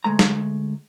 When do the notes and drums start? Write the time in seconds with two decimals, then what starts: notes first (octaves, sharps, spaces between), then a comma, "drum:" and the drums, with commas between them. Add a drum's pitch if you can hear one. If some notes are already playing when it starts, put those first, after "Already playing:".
0.04 D2 G#3 A3 A#5
0.19 drum: snare